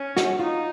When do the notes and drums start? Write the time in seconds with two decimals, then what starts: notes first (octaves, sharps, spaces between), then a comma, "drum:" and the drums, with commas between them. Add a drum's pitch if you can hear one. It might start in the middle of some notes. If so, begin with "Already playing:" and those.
Already playing: C#4
0.17 F#4, drum: snare
0.39 D#4 F4